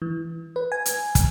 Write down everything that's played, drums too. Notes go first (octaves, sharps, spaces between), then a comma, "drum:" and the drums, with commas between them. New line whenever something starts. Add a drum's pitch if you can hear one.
E3
B4
G#5
drum: hi-hat
drum: kick, hi-hat